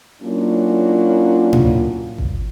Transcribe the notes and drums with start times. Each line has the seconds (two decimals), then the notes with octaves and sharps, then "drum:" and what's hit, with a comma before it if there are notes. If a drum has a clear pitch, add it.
0.21 F#3 A#3 C#4 D4 E4 F4
1.53 drum: tom A2
2.18 drum: kick G#1